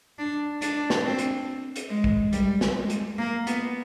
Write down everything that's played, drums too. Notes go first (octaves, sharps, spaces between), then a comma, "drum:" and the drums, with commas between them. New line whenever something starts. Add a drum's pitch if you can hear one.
D4
D4, drum: hi-hat
drum: snare
C4
drum: hi-hat
drum: hi-hat
G#3
drum: kick
G3, drum: hi-hat
drum: snare
G#3
drum: hi-hat
A#3
B3, drum: hi-hat